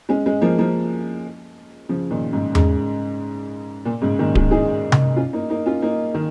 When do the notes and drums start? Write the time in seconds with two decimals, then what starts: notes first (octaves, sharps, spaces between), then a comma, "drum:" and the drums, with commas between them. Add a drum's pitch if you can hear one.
0.09 G#3 C#4
0.26 G#3 C#4
0.42 F3 A#3
0.58 F3 A#3
1.89 C#3 F3
2.11 A#2 D#3
2.33 G#2 C#3
2.55 G#2 C#3, drum: tom E2
3.85 A#2
4.02 G#2 C#3
4.19 A#2 D#3
4.35 D#3 G#3, drum: kick D1
4.51 D#4 G#4
4.92 drum: tom C3
5.16 C#4 F4
5.33 A#3 D#4
5.50 A#3 D#4
5.66 C#4 F4
5.82 A#3 D#4
6.14 D#3